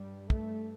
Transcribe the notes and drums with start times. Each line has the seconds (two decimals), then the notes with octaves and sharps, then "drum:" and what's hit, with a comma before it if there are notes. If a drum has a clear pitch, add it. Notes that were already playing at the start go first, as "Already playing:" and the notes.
Already playing: G2 G3
0.30 A3, drum: kick